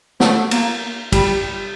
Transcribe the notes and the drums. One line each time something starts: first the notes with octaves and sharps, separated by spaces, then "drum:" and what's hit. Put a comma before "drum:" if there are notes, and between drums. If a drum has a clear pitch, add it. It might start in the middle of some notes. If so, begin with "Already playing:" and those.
A3, drum: snare
A#3, drum: cymbal
G3, drum: kick, cymbal